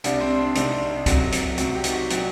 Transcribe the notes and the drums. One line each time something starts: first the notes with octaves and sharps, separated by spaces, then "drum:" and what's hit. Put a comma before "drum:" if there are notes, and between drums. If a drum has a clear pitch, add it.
C2 C3 G3 D4, drum: hi-hat
C4
D4
C2 C3 G3 D#4, drum: hi-hat
C2 C3 F#3, drum: kick, hi-hat
drum: hi-hat
C2 C3 F#3 F#4, drum: hi-hat
G4
D#4, drum: hi-hat
F#4
A#2 F#3, drum: hi-hat